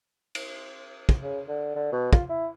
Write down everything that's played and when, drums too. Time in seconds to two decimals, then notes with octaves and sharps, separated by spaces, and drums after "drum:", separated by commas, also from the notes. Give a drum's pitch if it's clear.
0.35 drum: cymbal
1.09 drum: kick
1.23 C#3
1.48 D3
1.76 D3
1.93 B2
2.13 F4, drum: kick
2.29 E4